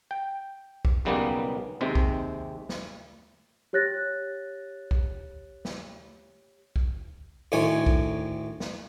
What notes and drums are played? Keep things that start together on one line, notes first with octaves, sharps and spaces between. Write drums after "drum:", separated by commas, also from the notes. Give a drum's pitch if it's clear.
G5
drum: kick B1
B1 C#3 G3 G#3 A#3 B3
D#2 C3 G#3 C4
drum: kick B1
drum: snare
G4 C#5 F#6 A6 A#6
drum: kick B1
drum: snare
drum: kick B1
D2 A2 D#3 C#5 G#5
drum: kick B1
drum: snare